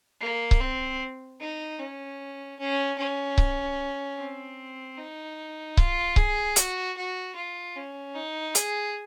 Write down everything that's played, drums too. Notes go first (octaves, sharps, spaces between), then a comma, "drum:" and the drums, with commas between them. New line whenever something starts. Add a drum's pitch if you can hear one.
A#3
drum: kick C#1
C4
D#4
C#4
C#4
C#4
drum: kick C#1
C4
D#4
F4, drum: kick C#1
G#4, drum: kick C#1
F#4, drum: hi-hat
F#4
F4
C#4
D#4
G#4, drum: hi-hat